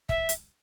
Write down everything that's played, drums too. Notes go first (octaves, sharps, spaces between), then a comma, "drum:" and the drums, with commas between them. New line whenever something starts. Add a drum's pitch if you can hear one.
E5, drum: kick
drum: hi-hat